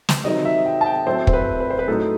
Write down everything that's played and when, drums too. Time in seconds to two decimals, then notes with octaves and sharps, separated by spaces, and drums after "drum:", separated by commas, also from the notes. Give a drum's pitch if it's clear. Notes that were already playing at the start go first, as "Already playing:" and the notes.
0.09 drum: snare
0.24 C3 D#3 F#3 C4 D#4 D#5
0.45 E5
0.66 G5
0.81 A5
0.86 G5
1.06 A2 F#3 A3 C4 C5
1.27 C5, drum: kick
1.33 B4
1.60 B4
1.70 C5
1.79 B4
1.88 A2 F#3 A3 D#4 A4